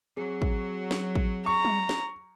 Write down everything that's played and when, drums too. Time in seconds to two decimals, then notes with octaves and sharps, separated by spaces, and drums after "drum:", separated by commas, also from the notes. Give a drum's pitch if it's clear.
0.17 F#3 C4 G#4
0.42 drum: kick
0.91 drum: snare
1.15 drum: kick
1.46 A#5 C#6
1.65 drum: tom
1.89 drum: snare